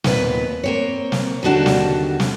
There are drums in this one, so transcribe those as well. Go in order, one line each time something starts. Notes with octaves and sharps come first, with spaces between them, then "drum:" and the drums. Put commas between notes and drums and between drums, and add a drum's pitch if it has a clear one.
D#2 A#2 B3 C4 G4 B4, drum: snare
A#3 C4 C#5
drum: snare
D#2 D3 G3 D4 F#4 A5
drum: snare
drum: snare